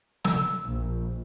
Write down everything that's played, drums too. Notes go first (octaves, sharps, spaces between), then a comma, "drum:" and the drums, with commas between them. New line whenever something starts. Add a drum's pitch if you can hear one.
E6, drum: snare
A#1